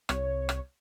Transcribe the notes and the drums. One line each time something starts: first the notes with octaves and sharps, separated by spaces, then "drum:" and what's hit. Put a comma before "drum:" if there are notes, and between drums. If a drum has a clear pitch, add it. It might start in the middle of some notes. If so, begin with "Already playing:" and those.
C2 C#5, drum: rim click
drum: rim click